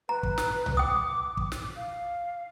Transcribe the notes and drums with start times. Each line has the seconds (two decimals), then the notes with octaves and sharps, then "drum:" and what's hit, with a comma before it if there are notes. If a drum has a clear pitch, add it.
0.09 B4 A#5
0.23 drum: kick
0.38 drum: snare
0.66 drum: tom C2
0.77 G5 D6 D#6
1.37 drum: kick
1.52 drum: snare
1.76 F5